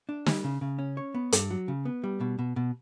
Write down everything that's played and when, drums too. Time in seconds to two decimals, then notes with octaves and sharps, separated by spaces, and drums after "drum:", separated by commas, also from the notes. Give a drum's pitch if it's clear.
0.09 D4
0.26 G3, drum: snare
0.44 C#3
0.61 C#3
0.79 C#4
0.97 C#5
1.14 B3
1.32 G2, drum: hi-hat
1.51 F#3
1.68 C#3
1.85 B3
2.04 G3
2.21 B2
2.39 B2
2.56 B2